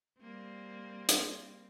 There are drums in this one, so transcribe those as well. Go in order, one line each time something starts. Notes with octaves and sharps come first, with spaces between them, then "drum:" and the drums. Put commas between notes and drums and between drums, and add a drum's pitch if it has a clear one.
G3 A#3 C4
drum: hi-hat